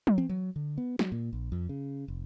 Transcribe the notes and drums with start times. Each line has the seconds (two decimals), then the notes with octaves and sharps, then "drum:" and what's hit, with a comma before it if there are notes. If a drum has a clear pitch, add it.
0.07 drum: tom
0.18 C4
0.29 F#3
0.56 D3
0.78 B3
0.99 F#3, drum: snare
1.12 A#2
1.33 A#1
1.52 F2
1.69 C#3
2.08 F1